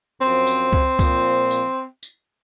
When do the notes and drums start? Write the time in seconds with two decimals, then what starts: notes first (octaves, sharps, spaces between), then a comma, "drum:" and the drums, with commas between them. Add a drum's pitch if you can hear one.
0.21 F#2 F3 C4
0.47 drum: tambourine
0.73 drum: kick C#2
0.99 A#2 F3, drum: kick C#2, tambourine
1.51 drum: tambourine
2.03 drum: tambourine